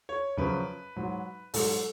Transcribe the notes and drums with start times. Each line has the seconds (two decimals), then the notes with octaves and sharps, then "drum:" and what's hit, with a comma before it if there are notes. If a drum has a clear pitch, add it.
0.09 C#5
0.37 F#2 C#3 F3 B4
0.96 G#2 F#3
1.54 G#2 F#3 A4, drum: open hi-hat